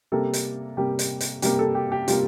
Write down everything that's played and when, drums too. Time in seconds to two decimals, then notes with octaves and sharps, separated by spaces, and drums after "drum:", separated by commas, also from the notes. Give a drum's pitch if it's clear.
0.12 C3 G3 A#3 A4
0.33 drum: hi-hat
0.77 C3 G3 A#3 G4
0.99 drum: hi-hat
1.20 drum: hi-hat
1.42 C3 G3 A#3 G4, drum: hi-hat
1.59 A4
1.75 G4
1.92 G4
2.08 C3 G3 A#3 F4, drum: hi-hat